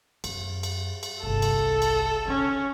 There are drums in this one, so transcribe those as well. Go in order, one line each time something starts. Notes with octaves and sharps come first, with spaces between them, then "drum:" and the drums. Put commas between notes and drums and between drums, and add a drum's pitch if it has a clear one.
F#2, drum: cymbal
drum: cymbal
drum: cymbal
G1 C2 A4
drum: cymbal
drum: cymbal
D3 C#4 D#4